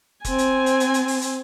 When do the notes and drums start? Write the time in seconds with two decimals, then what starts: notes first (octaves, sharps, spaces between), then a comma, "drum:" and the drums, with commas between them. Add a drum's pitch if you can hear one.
0.25 C4 G#5, drum: kick E1, hi-hat
0.38 drum: hi-hat
0.66 drum: hi-hat
0.80 drum: hi-hat
0.94 drum: hi-hat
1.08 drum: open hi-hat
1.22 drum: hi-hat